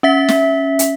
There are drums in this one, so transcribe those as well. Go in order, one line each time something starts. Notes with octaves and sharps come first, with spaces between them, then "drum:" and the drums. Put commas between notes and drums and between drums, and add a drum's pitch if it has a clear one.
C#4 E5 B6
drum: snare
drum: hi-hat